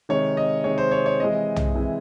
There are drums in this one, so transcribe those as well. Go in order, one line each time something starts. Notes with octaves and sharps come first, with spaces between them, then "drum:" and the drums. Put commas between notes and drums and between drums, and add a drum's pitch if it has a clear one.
C3 D#3 G#3 C#5
D#5
C3 D#3 G#3 C#5
C5
C#5
C#5
C3 E3 G#3 D#5
drum: tom
C3 E3 G#3